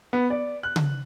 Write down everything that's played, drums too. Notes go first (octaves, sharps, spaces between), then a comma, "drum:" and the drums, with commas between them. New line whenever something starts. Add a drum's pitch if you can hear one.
B3
D5
F#6
drum: tom C#3